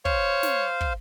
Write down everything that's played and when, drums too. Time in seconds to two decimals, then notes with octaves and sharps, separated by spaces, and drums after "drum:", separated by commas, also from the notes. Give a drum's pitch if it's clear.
0.05 C5 C#5 F5, drum: kick
0.43 drum: snare
0.81 drum: kick